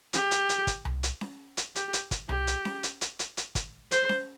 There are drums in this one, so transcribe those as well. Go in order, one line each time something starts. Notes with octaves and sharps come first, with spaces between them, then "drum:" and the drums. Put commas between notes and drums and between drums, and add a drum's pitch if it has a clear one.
G4, drum: hi-hat
drum: hi-hat
drum: hi-hat
drum: kick, hi-hat
drum: tom C2
drum: hi-hat
drum: snare C#4
drum: hi-hat
G4, drum: hi-hat
drum: hi-hat
drum: kick, hi-hat
G4, drum: tom C2
drum: hi-hat
drum: snare C#4
drum: hi-hat
drum: hi-hat
drum: hi-hat
drum: hi-hat
drum: kick, hi-hat
C5, drum: hi-hat
drum: snare C#4